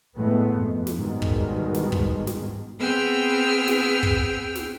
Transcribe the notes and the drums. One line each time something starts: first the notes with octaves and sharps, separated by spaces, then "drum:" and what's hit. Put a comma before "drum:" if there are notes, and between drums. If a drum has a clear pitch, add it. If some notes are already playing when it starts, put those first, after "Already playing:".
A2 G#3 A3 B3
F2
drum: snare
G#2 B2 D#3 G3 G#3
drum: kick
drum: snare
drum: kick
drum: snare
B3 C4 G#4 G5 E6 F6
drum: snare
drum: kick
drum: snare